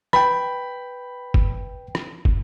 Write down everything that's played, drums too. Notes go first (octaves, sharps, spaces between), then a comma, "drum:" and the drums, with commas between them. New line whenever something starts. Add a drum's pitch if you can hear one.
B4 G5 B5, drum: rim click
drum: kick
drum: rim click
drum: kick